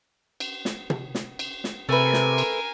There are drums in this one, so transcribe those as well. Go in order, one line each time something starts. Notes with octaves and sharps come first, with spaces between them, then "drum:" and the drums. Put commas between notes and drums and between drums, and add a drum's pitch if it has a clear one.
drum: cymbal
drum: snare
drum: tom
drum: snare
drum: cymbal
drum: snare
C3 A3 A#4 B4 G#5
drum: snare
drum: cymbal